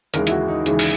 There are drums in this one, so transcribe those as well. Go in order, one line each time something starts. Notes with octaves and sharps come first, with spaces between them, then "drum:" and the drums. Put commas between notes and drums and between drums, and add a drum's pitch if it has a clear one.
D#2 C#3 E3 G#3 A#4, drum: hi-hat
E4, drum: hi-hat
F#4
D#4
D#2 C#3 E3 G#3, drum: hi-hat
drum: open hi-hat